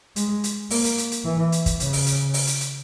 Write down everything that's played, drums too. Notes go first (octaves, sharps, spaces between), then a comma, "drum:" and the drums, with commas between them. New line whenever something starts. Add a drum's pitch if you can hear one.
G#3, drum: hi-hat
drum: hi-hat
A#3, drum: open hi-hat
drum: hi-hat
drum: hi-hat
drum: hi-hat
E3
drum: hi-hat
drum: kick, hi-hat
C#3, drum: hi-hat
drum: open hi-hat
drum: hi-hat
drum: open hi-hat
drum: hi-hat
drum: hi-hat